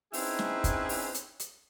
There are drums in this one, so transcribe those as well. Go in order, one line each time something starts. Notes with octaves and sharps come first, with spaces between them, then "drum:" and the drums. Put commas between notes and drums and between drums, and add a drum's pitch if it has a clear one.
C4 C#4 D#4 E4 G#4 B4, drum: open hi-hat
drum: snare
drum: kick, hi-hat
drum: open hi-hat
drum: hi-hat
drum: hi-hat